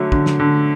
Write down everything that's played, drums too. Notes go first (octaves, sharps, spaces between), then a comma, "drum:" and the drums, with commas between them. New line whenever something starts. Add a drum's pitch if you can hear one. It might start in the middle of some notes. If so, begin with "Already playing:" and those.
Already playing: D3 F#3 A3
D3, drum: kick
drum: snare
D3